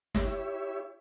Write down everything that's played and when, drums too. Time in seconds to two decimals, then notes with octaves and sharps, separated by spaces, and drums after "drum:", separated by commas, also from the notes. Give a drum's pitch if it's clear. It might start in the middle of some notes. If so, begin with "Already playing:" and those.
0.15 E4 G4 C#5 E5, drum: snare